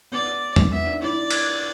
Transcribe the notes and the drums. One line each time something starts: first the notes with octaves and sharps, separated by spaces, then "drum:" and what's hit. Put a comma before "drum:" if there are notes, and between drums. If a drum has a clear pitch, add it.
B3 D5
drum: tom E2
B3 E5
D4
E4 D5
drum: cymbal